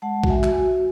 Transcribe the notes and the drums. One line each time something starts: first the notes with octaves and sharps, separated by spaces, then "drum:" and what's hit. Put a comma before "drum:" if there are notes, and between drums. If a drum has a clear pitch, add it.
G#3 F#5 A5
F#4, drum: kick A#1
E5 G#5
F#4, drum: clap